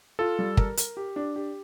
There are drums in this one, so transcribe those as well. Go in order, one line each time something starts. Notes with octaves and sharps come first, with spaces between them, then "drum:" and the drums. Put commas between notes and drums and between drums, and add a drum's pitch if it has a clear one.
F4 A4
G3
A#4, drum: kick
A#4, drum: hi-hat
G4
D4
G4